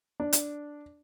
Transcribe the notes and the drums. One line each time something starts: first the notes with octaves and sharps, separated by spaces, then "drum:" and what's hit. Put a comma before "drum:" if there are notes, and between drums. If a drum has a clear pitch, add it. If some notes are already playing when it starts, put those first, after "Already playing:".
D4
drum: hi-hat